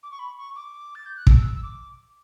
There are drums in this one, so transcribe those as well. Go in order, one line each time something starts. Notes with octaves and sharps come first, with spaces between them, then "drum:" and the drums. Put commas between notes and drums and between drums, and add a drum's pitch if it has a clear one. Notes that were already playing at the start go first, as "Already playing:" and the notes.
D6
C#6
B5
C#6
D6
A6
G6
F#6
E6, drum: kick
E6
D6